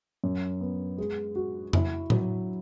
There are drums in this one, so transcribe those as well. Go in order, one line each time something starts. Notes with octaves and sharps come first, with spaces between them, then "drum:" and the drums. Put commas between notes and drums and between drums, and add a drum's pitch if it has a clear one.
F#2
B3
G#3
F#4
E4, drum: tom F2
F#3, drum: tom A2